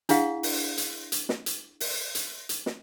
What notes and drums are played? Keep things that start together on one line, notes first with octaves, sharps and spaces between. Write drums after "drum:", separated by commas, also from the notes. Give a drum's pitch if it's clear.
D4 E4 G#4 F5 F#5, drum: hi-hat
drum: open hi-hat
drum: hi-hat
drum: hi-hat
drum: snare
drum: hi-hat
drum: open hi-hat
drum: hi-hat
drum: hi-hat
drum: snare